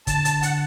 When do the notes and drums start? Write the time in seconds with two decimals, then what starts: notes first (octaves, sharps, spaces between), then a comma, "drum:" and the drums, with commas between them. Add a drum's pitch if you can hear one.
0.07 D3 A5, drum: kick, hi-hat
0.25 drum: hi-hat
0.43 F#5, drum: hi-hat